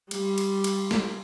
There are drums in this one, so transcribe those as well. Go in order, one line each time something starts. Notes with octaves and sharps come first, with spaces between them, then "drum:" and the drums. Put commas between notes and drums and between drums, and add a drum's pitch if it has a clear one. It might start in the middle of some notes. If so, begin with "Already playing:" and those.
G3, drum: cymbal
drum: cymbal
drum: cymbal
drum: snare